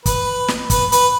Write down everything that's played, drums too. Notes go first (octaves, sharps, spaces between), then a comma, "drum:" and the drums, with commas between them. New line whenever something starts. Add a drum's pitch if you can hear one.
B4, drum: kick, hi-hat
drum: snare
B4, drum: kick, hi-hat
B4, drum: hi-hat